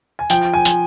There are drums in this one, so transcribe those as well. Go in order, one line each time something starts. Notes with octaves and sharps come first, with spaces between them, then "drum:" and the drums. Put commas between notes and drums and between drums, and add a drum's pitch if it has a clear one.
G#5
F3 G5, drum: tambourine
G#5
F3, drum: tambourine